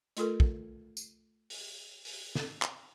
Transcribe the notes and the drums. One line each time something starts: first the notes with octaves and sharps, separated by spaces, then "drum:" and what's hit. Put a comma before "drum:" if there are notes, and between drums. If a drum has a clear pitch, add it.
A3 F4 A4 A#4, drum: hi-hat
drum: kick
drum: tambourine
drum: open hi-hat
drum: open hi-hat
drum: snare
drum: clap